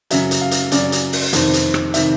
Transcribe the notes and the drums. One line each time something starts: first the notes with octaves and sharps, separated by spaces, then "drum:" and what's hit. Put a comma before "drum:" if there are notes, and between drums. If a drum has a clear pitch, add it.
F#2 C#3 F#3 E5, drum: hi-hat
drum: hi-hat
F5
drum: hi-hat
F#2 C#3 F#3 D5, drum: hi-hat
drum: hi-hat
drum: open hi-hat
F2 C3 D#3 C5, drum: hi-hat
drum: hi-hat
drum: rim click
C3 D#3 E5, drum: hi-hat